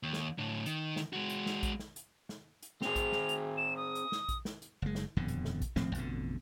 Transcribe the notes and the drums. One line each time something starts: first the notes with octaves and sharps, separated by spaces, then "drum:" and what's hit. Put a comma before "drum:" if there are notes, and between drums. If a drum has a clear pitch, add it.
D#2
drum: snare
A2 D3
D#3, drum: hi-hat
drum: snare
G#3 F#4
drum: hi-hat
drum: snare
drum: kick A#1, hi-hat
drum: snare
drum: hi-hat
drum: snare
drum: hi-hat
C4 G#4 F7, drum: snare
drum: kick A#1, hi-hat
drum: snare
drum: hi-hat
E7
D#6
drum: hi-hat
drum: snare
drum: kick A#1, hi-hat
drum: snare
drum: hi-hat
F#1 G#3
drum: snare
D#1 F2 B2 D3
drum: hi-hat
drum: snare
drum: kick A#1, hi-hat
D#1 A2 F3 C4, drum: snare
A1 F2 B2 D3, drum: hi-hat